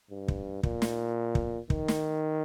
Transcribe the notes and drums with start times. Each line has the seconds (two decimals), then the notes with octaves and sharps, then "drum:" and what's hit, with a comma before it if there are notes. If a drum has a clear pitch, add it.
0.10 G2
0.28 drum: kick
0.63 A#2, drum: kick
0.82 drum: snare
1.35 drum: kick
1.70 D#3, drum: kick
1.88 drum: snare